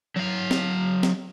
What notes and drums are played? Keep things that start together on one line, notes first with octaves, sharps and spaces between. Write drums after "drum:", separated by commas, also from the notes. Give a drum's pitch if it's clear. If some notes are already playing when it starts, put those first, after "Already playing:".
F#3 F5
drum: snare
drum: snare